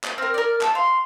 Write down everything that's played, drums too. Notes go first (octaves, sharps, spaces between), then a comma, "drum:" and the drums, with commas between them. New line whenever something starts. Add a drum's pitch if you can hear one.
drum: clap
C4 A#4 F6
A#4 D5
A5 E6, drum: clap
F5 C6